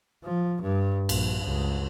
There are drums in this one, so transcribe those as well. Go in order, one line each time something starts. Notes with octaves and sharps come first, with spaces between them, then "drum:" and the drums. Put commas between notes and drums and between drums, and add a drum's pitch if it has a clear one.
F3
G2
A#1, drum: cymbal
C#2